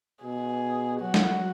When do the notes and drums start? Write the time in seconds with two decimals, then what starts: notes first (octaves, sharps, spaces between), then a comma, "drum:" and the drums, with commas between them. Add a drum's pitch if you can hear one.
0.24 B2 G#4
1.01 F#3 F#4
1.14 drum: snare